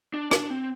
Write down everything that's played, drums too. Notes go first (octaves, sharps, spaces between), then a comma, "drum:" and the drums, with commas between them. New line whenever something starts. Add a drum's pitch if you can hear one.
D4
D4, drum: rim click
C4